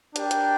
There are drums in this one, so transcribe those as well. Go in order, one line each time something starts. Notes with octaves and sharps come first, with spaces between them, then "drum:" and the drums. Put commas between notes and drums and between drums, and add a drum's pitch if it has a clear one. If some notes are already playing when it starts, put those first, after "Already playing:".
D4 G4 A#4 D5 G5, drum: hi-hat
drum: hi-hat